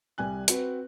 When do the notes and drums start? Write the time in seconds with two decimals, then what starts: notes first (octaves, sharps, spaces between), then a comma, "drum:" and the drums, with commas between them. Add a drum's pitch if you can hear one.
0.18 C2 G3 G#5 F#6
0.48 C4 F#4 B4, drum: hi-hat